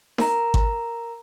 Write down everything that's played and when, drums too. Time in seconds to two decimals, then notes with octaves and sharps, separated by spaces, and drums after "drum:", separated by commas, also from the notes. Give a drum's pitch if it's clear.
0.18 A#4 A#5, drum: snare D#4
0.54 drum: kick G#1